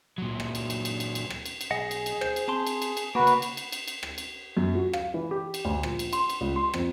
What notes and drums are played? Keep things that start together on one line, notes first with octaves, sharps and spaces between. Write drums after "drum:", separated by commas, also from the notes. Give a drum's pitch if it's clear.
A#2 F#3
drum: rim click
drum: cymbal
drum: cymbal
drum: cymbal
drum: cymbal
drum: cymbal
drum: rim click
drum: cymbal
drum: cymbal
B1 G#4 D#5 F#5
drum: cymbal
drum: cymbal
C5, drum: rim click
drum: cymbal
C4 A5 C6
drum: cymbal
drum: cymbal
drum: cymbal
C#3 A#3 F#4 B4
drum: cymbal
drum: cymbal
drum: cymbal
drum: cymbal
drum: cymbal
drum: rim click
drum: cymbal
F#2
F#4
F5, drum: rim click
E3
G4
drum: cymbal
D2
A#1, drum: rim click
drum: cymbal
C6, drum: cymbal
drum: cymbal
C#2
C6
F2, drum: rim click